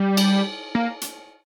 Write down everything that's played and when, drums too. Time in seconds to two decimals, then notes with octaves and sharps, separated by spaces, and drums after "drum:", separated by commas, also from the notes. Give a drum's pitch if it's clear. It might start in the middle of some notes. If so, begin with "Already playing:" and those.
Already playing: G3
0.17 drum: cymbal
0.75 A#3
1.01 drum: hi-hat